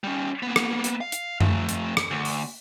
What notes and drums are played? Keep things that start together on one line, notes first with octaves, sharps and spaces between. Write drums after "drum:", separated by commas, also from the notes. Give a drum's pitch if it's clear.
G3 C#4
A#3 B3
drum: rim click
drum: hi-hat
F5
drum: hi-hat
F3 A3, drum: tom F#2
drum: hi-hat
drum: rim click
D2
drum: open hi-hat